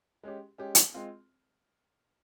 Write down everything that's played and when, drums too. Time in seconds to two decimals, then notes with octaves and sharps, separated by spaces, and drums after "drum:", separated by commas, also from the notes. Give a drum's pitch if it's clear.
0.24 G#3 C#4 G4
0.58 G#3 C#4 G4
0.75 drum: hi-hat
0.94 G#3 C4 F4